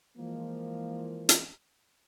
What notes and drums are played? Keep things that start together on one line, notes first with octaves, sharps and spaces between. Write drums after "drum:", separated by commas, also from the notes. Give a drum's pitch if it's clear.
E3 F3 G#3 A#3
drum: hi-hat